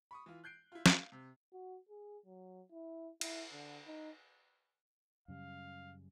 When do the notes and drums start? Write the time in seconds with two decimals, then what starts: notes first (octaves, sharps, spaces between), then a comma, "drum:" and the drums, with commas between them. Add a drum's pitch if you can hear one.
0.11 B5 C#6 D#6
0.26 E3 F4
0.44 F#6 G6 C7 D7
0.72 E4 F4
0.86 F5, drum: snare
1.12 C3
1.53 F#4
1.89 G#4
2.26 F#3
2.71 E4
3.21 E4, drum: cymbal
3.52 D3
3.87 D#4
5.28 F#2 C#3 G3 F5